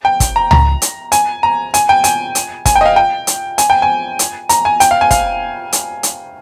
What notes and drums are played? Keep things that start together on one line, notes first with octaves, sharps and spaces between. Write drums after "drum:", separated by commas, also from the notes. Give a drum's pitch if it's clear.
G5
drum: kick, hi-hat
A#5
A#5, drum: tom C#2
drum: hi-hat
G#5, drum: hi-hat
A#5
G#5, drum: hi-hat
G5
G#5, drum: hi-hat
drum: hi-hat
G#5, drum: kick, hi-hat
G5
D#5
F5
G5
drum: hi-hat
G#5, drum: hi-hat
G5
G#5
drum: hi-hat
A#5, drum: hi-hat
G#5
G5, drum: hi-hat
F5
G#5
F5, drum: kick, hi-hat
drum: hi-hat
drum: hi-hat